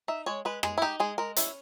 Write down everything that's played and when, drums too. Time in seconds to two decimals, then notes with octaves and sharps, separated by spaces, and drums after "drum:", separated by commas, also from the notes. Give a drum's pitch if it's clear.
0.08 D#4 E5
0.26 G#3 C#5
0.45 G#3 B4
0.63 G#3 G#4, drum: rim click
0.78 E4
0.82 D#4 G4
1.00 G#3 G#4
1.18 G#3 A#4
1.36 C#4 E4, drum: hi-hat